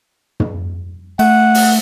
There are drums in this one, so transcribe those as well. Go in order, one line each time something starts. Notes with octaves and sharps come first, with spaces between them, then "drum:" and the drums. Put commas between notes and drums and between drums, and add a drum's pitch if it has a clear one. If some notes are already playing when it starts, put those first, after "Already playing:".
drum: tom
A3 F#5, drum: cymbal
drum: open hi-hat